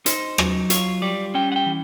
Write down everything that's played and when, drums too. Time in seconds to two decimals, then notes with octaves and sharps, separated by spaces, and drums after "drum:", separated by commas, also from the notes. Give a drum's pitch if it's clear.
0.06 D#4 C5, drum: hi-hat
0.38 F#3, drum: rim click
0.70 F4 C#5, drum: hi-hat
1.02 G3 D5
1.34 C#4 G5
1.52 F#5
1.56 G5
1.66 E3